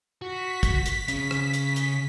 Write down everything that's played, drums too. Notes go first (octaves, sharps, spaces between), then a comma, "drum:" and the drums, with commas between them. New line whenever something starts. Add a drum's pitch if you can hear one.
F#4 B6
drum: kick, hi-hat
drum: hi-hat
C#3 C#4, drum: hi-hat
drum: rim click
drum: hi-hat
drum: hi-hat